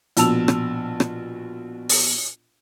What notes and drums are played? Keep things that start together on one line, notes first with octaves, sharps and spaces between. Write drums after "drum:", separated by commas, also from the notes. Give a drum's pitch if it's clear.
A#1 B2 A5 E6 F7, drum: hi-hat
drum: rim click
drum: rim click
drum: open hi-hat